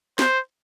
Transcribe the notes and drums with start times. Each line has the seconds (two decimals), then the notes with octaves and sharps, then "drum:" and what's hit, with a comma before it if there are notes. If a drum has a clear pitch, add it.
0.19 C5, drum: snare